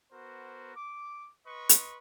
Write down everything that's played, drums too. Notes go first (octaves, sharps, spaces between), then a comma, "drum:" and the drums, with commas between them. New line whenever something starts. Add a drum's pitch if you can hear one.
B3 F#4 A#4 C5
D6
B4 D#5 C6 C#6
drum: hi-hat